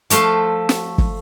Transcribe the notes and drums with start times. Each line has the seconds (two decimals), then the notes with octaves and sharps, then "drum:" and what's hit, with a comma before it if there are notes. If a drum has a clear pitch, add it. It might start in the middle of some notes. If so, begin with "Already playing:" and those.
0.10 F3 A3 F5 C6, drum: hi-hat
0.69 drum: snare
0.98 drum: kick